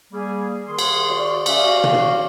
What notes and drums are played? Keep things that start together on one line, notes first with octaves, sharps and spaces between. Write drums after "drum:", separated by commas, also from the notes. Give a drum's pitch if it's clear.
G3 A#3 G#4
D#3 G#4 C6
drum: cymbal
F#4 D5
C#4 D5 E5 F5, drum: cymbal
F#4 F5
drum: tom B2